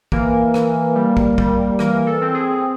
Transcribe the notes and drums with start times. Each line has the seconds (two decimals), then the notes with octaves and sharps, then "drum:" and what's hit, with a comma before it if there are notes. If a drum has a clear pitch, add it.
0.12 E3 A#3 A#4, drum: kick
0.54 E3, drum: rim click
0.95 G3
1.17 drum: kick
1.38 G3, drum: kick
1.79 E3 A#3 A#4, drum: rim click
2.07 A4
2.21 C4
2.34 G#4